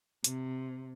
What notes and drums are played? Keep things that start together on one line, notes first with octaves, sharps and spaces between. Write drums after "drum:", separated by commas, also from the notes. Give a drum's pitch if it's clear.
C3, drum: hi-hat